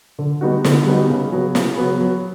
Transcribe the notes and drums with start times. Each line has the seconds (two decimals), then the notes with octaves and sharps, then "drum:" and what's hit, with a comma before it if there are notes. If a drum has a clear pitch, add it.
0.19 D3
0.41 G3 B3 D#4 F#4
0.64 D3, drum: snare
0.87 G3 B3 D#4 F#4
1.10 C#3
1.32 F#3 B3
1.55 C#3, drum: snare
1.77 F#3 B3
2.00 F#3